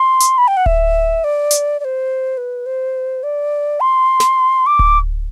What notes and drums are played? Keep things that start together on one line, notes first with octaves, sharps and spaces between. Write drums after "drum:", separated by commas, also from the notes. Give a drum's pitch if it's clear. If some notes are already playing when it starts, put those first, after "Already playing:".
Already playing: C6
drum: hi-hat
B5
G5
F#5
E5, drum: kick D1
D5
drum: hi-hat
D5
C5
B4
C5
D5
C6
drum: snare
D6
drum: kick D1